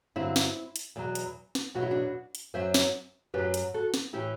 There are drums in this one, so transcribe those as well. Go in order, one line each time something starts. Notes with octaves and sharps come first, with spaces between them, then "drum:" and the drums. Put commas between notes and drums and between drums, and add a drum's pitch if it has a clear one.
G2 D3 F#3 C4 E4
drum: snare
drum: hi-hat
E2 B2 F#3
drum: hi-hat
drum: snare
E2 B2 F#3 F#4
E4
D4 F#4
drum: hi-hat
F#2 F#3 C5 E5
drum: snare
F#2 F#3 G4 B4
drum: hi-hat
F#4 A4
drum: snare
A2 E3 E4 G4